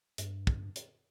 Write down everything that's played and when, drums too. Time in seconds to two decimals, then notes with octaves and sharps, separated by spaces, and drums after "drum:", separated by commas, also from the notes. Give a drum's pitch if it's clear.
0.18 G2, drum: hi-hat
0.47 drum: kick
0.76 drum: hi-hat